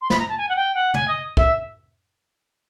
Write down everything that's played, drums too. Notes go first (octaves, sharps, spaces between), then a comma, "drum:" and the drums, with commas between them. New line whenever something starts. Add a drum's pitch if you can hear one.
C6
B5, drum: snare
A#5
A5
G#5
F#5
G5
F#5
G#5, drum: tom
D#5
E5, drum: kick